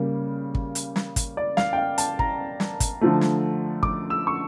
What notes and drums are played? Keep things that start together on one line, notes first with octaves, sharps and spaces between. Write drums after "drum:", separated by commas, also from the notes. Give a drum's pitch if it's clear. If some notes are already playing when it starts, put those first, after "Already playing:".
Already playing: C#3 G3 A#3
drum: kick
drum: hi-hat
drum: snare
drum: kick, hi-hat
D5
F5, drum: snare
G5
F5
A5, drum: hi-hat
A#5, drum: kick
drum: snare
drum: kick, hi-hat
D3 F3 A3
drum: snare
D6, drum: kick
E6
C#6